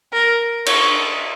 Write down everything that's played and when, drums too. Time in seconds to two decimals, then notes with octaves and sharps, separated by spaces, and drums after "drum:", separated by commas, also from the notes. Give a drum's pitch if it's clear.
0.13 A#4
0.66 C#5, drum: cymbal